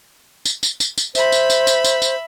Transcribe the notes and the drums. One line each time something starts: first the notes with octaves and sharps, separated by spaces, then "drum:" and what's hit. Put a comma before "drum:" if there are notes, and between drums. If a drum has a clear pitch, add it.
drum: tambourine
drum: tambourine
drum: tambourine
drum: tambourine
C5 E5 B5, drum: tambourine
drum: tambourine
drum: tambourine
drum: tambourine
drum: tambourine
drum: tambourine